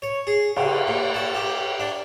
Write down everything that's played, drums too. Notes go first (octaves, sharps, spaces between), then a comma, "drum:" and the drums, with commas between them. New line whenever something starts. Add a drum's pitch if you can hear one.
C#5
G#4
C#3, drum: cymbal
A#2
A5
G4
D4